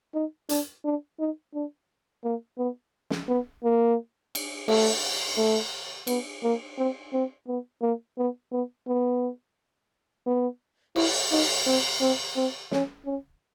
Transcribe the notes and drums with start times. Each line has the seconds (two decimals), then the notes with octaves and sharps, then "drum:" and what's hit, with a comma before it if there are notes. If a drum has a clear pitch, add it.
0.14 D#4
0.49 D4, drum: hi-hat
0.85 D4
1.19 D#4
1.54 D4
2.24 A#3
2.58 B3
3.10 drum: snare
3.28 B3
3.64 A#3
4.35 drum: cymbal
4.68 A3, drum: cymbal
5.37 A3
6.07 B3, drum: cymbal
6.43 A#3
6.78 C4
7.13 C4
7.47 B3
7.82 A#3
8.18 B3
8.52 B3
8.87 B3
10.26 B3
10.96 E4, drum: cymbal
11.32 D#4, drum: cymbal
11.66 C4
12.01 C4
12.36 C4
12.71 C#4, drum: snare
13.06 C#4